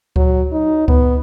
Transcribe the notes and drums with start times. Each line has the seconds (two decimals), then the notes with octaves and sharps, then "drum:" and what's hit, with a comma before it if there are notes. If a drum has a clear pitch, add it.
0.16 F#3, drum: kick C#2
0.52 D#4
0.88 B3, drum: kick C#2